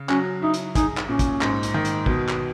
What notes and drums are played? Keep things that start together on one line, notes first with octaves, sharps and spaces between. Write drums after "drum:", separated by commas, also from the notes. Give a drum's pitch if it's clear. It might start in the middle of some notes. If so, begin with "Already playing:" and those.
Already playing: C#3
F#3 C#4, drum: clap
D#4 E4
drum: hi-hat
D#4 G#4, drum: kick, hi-hat
drum: clap
A#2 C#4
drum: kick, hi-hat
G#2, drum: clap
drum: hi-hat
D#3
drum: hi-hat
B2, drum: kick
drum: clap